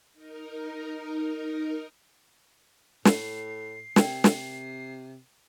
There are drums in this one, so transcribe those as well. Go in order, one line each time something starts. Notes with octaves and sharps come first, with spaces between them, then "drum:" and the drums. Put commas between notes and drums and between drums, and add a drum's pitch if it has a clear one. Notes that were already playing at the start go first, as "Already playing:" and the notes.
D#4 A#4
A2 C7, drum: snare
C3 A#4 D5 G5, drum: snare
drum: snare